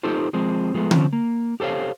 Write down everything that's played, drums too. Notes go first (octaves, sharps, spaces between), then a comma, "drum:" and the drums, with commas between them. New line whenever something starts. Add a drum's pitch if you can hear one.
D#4 F4 G4 A4 C5
F3 G#3 C4
F3 G#3 A3 B3
C#3 F3 C4 C#4, drum: tom D3
A#3
G4 A4 C5 C#5 F5